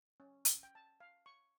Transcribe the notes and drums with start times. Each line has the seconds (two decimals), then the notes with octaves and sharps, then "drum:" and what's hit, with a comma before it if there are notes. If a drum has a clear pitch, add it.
0.20 C#4
0.45 drum: hi-hat
0.63 G5
0.75 A5
1.00 F5
1.26 C#6